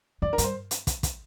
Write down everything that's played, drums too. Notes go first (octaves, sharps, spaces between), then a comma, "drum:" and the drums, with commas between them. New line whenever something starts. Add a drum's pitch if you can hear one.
F2 D5
A#4
G2, drum: hi-hat
C5
drum: hi-hat
drum: kick, hi-hat
drum: kick, hi-hat